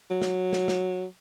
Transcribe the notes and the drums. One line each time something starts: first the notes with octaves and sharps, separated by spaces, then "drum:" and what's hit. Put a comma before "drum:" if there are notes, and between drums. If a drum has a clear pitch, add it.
F#3
drum: snare
drum: snare
drum: snare